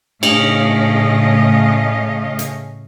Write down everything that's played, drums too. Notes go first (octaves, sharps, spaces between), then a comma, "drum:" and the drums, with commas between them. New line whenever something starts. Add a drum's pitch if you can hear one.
A2 C#3 A3 C#4 D#5 F5, drum: cymbal
drum: hi-hat